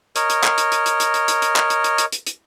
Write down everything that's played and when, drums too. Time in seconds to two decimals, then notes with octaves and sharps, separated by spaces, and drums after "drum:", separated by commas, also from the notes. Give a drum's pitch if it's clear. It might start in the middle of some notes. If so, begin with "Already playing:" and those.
0.16 A#4 C#5 D#5, drum: hi-hat
0.30 drum: hi-hat
0.44 drum: clap
0.58 drum: hi-hat
0.72 drum: hi-hat
0.86 drum: hi-hat
1.00 drum: hi-hat
1.14 drum: hi-hat
1.28 drum: hi-hat
1.42 drum: hi-hat
1.56 drum: clap
1.70 drum: hi-hat
1.84 drum: hi-hat
1.98 drum: hi-hat
2.12 drum: hi-hat
2.27 drum: hi-hat